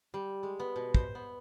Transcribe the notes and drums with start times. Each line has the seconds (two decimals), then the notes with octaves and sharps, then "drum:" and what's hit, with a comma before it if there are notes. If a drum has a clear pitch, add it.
0.14 G3
0.43 G#3
0.60 B3
0.76 B2
0.95 C5, drum: kick
1.15 B3